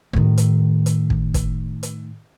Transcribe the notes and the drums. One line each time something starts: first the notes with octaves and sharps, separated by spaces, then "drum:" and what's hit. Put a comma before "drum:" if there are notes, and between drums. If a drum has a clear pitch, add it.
A2 D#3
drum: hi-hat
drum: hi-hat
drum: kick
drum: kick, hi-hat
drum: hi-hat